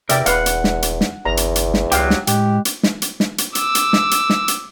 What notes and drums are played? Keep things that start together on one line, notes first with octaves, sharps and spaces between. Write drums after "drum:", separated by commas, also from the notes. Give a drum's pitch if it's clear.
E2 C3 A#4 D5 E5 G5, drum: hi-hat
D#1 B4 F5 F#5, drum: hi-hat
drum: hi-hat
drum: snare
drum: hi-hat
drum: snare
G1 E2 A#5
drum: hi-hat
drum: hi-hat
drum: snare
C#2 F#3 G4 F5 G5, drum: hi-hat
drum: snare
A2 G#3 G4, drum: hi-hat
drum: hi-hat
drum: snare
drum: hi-hat
drum: snare
drum: hi-hat
D6 E6, drum: hi-hat
drum: hi-hat
drum: snare
drum: hi-hat
drum: snare
drum: hi-hat